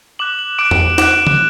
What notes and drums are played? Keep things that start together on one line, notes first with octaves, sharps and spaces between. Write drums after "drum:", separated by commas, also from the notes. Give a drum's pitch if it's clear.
D6 F#6 F#7
F#7
D6 F#6 D7
drum: tom E2
D6 F#6, drum: snare
drum: tom C#3